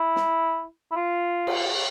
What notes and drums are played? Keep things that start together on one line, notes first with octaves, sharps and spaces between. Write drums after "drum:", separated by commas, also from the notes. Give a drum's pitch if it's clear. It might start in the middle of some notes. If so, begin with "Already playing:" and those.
Already playing: E4
drum: snare
E4
F4
drum: cymbal